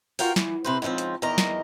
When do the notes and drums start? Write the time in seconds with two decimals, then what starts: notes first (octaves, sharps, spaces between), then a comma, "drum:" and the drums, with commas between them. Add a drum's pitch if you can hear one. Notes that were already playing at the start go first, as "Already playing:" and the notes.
0.19 F4 F#4 A#4 F5 G5, drum: open hi-hat
0.36 E3, drum: snare
0.64 C3 B4 C5
0.82 G#2 C#3 E3 F3 C4
0.98 drum: hi-hat
1.22 E2 D#3 A#4 D#5 A#5
1.38 drum: snare